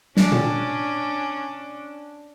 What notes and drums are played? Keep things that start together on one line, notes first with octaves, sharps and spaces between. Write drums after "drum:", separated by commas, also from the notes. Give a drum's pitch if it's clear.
C#4 D4, drum: snare
drum: tom A#2